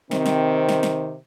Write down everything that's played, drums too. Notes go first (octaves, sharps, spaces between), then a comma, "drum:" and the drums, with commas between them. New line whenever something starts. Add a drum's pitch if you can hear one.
C3 D#3 C4, drum: snare
drum: snare
drum: snare
drum: snare